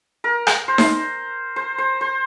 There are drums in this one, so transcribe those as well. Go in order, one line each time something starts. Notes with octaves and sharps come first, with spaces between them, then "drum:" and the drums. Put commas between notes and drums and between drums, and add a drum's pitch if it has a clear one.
A#4
drum: rim click
C5
drum: snare D#4
C5
C5
C5